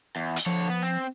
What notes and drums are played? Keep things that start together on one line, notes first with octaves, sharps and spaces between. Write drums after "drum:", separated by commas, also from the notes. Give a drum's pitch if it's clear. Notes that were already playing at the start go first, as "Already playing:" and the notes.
E2
drum: hi-hat
D3 F3 C#5
B3
C4